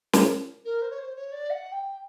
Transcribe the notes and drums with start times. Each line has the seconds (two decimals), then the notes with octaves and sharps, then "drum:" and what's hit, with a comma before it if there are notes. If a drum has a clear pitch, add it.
0.13 A#4, drum: snare
0.64 A#4
0.81 C5
0.90 C#5
0.98 C5
1.15 C#5
1.32 D5
1.50 F#5
1.72 G5